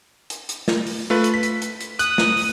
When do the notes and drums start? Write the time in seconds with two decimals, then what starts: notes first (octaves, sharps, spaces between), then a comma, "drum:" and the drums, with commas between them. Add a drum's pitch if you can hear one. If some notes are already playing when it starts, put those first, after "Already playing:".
0.30 drum: hi-hat
0.49 drum: hi-hat
0.68 drum: snare
0.87 drum: open hi-hat
1.10 A3 F4 B4
1.24 drum: hi-hat
1.34 B6
1.43 drum: hi-hat
1.62 drum: hi-hat
1.81 drum: hi-hat
1.99 D#6 F#6, drum: hi-hat
2.18 drum: snare
2.37 drum: open hi-hat